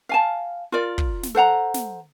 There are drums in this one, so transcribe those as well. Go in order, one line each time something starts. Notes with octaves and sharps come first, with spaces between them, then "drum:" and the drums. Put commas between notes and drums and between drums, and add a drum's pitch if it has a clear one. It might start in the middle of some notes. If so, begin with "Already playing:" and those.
F5 G#5 A5
F4 A#4 D5
drum: kick
drum: snare
A4 C5 F#5 A#5
drum: snare